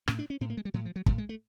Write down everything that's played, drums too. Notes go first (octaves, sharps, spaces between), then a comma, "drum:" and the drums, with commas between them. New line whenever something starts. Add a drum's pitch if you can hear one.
A2 C#4, drum: rim click
D4
C#4
A2 C4
A#3
G#3
G3
A2 F#3
F3
F#3
A2 G3, drum: kick
G#3
A3